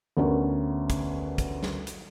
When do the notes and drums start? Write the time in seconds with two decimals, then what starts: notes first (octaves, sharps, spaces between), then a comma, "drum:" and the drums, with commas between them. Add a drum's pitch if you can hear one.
0.17 D2 B3 C#4 G4 A#4 B4
0.90 drum: kick, hi-hat
1.38 drum: kick, hi-hat
1.63 drum: snare
1.87 drum: hi-hat